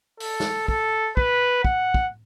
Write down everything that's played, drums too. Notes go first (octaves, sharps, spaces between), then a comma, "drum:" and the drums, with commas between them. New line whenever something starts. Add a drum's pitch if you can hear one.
A4, drum: open hi-hat
drum: snare
A4, drum: kick
B4, drum: kick
F#5, drum: kick
drum: kick